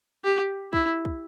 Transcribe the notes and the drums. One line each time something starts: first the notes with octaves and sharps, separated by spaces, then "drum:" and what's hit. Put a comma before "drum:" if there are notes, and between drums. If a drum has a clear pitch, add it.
G4
E4, drum: kick
drum: kick